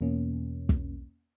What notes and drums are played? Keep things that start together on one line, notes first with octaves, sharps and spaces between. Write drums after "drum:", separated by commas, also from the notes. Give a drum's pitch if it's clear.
E2 B2 A#3 C#4
drum: kick